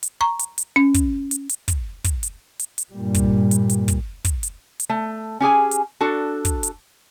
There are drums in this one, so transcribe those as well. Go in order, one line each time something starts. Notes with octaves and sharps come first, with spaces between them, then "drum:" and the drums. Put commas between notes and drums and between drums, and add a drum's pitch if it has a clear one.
drum: hi-hat
A#5 C#6
drum: hi-hat
drum: hi-hat
C#4
drum: kick, hi-hat
drum: hi-hat
drum: hi-hat
drum: kick, hi-hat
drum: kick, hi-hat
drum: hi-hat
drum: hi-hat
drum: hi-hat
G2 A#2 G3
drum: kick, hi-hat
drum: hi-hat
drum: hi-hat
drum: kick, hi-hat
drum: kick, hi-hat
drum: hi-hat
drum: hi-hat
A3
C#4 G4 G#4 G#5
drum: hi-hat
D4 F#4 A4
drum: kick, hi-hat
drum: hi-hat